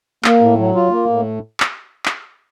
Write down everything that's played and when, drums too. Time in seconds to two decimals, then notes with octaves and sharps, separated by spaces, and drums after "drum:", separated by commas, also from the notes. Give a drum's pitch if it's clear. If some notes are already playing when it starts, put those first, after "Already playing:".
0.25 A#3, drum: clap
0.41 A2
0.58 F#3
0.75 F4
0.91 A#3
1.09 A2
1.60 drum: clap
2.06 drum: clap